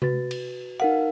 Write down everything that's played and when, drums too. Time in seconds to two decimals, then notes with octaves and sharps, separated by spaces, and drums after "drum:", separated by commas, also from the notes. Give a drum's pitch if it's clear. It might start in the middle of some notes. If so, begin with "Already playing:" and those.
0.02 F#4 B4 A6, drum: tom C3
0.31 drum: cymbal
0.80 D#4 A#4 F5 F#5